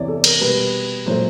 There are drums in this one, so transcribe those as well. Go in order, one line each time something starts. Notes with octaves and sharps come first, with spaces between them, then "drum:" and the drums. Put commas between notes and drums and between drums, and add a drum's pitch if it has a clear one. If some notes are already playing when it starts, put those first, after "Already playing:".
Already playing: E2 C3 E3 C#5 D5
A4
A#4, drum: cymbal
B2 G3 B4
A#2 F#3 A3 C5